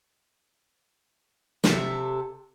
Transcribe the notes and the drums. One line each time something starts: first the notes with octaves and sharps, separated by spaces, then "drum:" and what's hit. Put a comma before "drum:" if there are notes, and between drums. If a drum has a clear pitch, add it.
C3 A4 E5, drum: snare